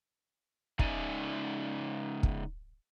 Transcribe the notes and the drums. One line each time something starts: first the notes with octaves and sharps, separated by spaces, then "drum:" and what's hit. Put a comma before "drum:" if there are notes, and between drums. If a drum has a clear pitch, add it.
C#3 G#3 D#4 D5 E5 G#5, drum: kick
drum: kick